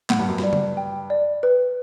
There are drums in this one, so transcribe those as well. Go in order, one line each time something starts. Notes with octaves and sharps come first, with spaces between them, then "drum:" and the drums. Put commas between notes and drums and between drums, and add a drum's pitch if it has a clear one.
A2 F#5, drum: clap
G2
F#2
G2 D5, drum: snare
drum: tom C#3
G5
D5
B4